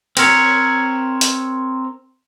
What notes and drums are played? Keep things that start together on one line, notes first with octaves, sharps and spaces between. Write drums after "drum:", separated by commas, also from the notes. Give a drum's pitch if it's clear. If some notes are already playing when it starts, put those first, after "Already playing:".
C4 A#4 C#5, drum: cymbal
drum: hi-hat